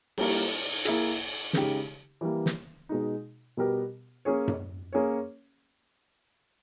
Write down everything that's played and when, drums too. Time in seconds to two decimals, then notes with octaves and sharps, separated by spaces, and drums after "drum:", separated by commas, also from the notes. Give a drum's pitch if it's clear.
0.18 G3 A#3 E4 A#4, drum: cymbal
0.85 A#3 E4 G#4, drum: hi-hat
1.53 C#3 G#3 D#4 G4, drum: snare
2.21 E3 G3 A#3
2.46 drum: snare
2.89 B2 G#3 D#4
3.57 B2 G3 B3 G4 A#4
4.25 A#3 C#4 G#4 C#5
4.48 drum: tom F#2
4.93 A#3 C#4 G#4 C#5